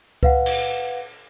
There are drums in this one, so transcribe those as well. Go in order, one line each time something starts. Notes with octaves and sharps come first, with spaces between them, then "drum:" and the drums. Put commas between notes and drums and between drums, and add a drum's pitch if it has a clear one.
B4 F5 F#5, drum: kick C#2
drum: cymbal